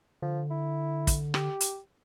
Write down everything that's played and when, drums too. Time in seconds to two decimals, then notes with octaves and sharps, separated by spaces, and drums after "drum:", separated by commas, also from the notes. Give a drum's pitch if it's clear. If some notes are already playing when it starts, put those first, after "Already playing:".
0.22 D3 F3
0.50 E4
1.07 drum: kick, hi-hat
1.34 G4, drum: rim click
1.61 drum: hi-hat